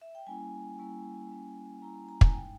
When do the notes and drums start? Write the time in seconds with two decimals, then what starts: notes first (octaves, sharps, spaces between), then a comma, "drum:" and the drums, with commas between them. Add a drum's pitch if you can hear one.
0.01 E5
0.15 G5
0.27 G3 A#3 C#4 E4 G#5
0.79 G3 A#3 C#4 E4
1.31 G3 A#3 C#4 E4
1.82 G3 A#3 C#4 E4 A#5
2.09 A#5
2.21 G#5, drum: kick
2.33 G#3 D#4 G5